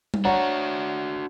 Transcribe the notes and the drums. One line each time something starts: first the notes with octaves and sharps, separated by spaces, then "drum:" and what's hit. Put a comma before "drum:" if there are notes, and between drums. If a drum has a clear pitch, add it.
drum: tom G3
D4 F#4 C#5 F#5 A#5